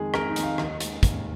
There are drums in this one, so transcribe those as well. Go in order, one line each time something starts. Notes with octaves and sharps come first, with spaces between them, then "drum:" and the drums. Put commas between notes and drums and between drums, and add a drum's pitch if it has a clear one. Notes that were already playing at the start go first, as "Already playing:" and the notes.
Already playing: F2 D#3 G#3 G#4
F2 A#4, drum: rim click
D#4
D#3 G#3, drum: hi-hat
F5
D#2 D#5, drum: rim click
D#3 G#3, drum: hi-hat
D#2, drum: kick, hi-hat